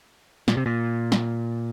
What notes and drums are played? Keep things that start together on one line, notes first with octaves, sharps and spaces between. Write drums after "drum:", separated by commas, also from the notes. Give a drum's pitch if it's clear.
A#2, drum: snare
C3
A#2
drum: snare